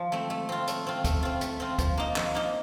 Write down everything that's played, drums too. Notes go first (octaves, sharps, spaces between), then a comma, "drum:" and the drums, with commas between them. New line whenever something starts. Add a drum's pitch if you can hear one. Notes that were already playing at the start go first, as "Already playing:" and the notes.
Already playing: F3
A3 C4
A3
C4 F4
A3, drum: hi-hat
C4 F4
A3, drum: kick, hi-hat
C4 F4
A3, drum: hi-hat
C4 F4
F3, drum: kick, hi-hat
A#3 D#4
F3, drum: clap
A#3 D#4